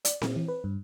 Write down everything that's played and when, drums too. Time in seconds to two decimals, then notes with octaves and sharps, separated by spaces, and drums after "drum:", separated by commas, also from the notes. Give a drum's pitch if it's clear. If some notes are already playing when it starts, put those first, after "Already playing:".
0.05 D5, drum: hi-hat
0.22 A#2, drum: snare C4
0.36 E3
0.48 B4
0.64 G2